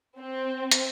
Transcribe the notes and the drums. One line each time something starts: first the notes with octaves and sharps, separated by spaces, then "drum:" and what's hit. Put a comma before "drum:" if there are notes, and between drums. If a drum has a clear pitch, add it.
C4
drum: hi-hat